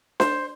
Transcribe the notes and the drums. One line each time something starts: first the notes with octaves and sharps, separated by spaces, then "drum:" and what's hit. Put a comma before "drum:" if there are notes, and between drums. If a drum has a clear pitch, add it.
C5, drum: snare D4